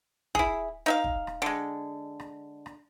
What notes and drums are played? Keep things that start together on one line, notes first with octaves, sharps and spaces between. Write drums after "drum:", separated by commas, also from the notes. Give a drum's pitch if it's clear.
E4 G#4, drum: kick
D#4 E5 F5
drum: kick
drum: rim click
D3 G#3
drum: rim click
drum: rim click